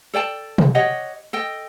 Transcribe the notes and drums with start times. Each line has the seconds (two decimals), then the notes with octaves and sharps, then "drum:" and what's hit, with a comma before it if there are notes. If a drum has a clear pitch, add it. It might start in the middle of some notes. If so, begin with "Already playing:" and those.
0.14 A4 D5 G5 A5
0.58 drum: tom
0.75 G4 C#5 D#5 F#5
1.33 A4 D#5 G5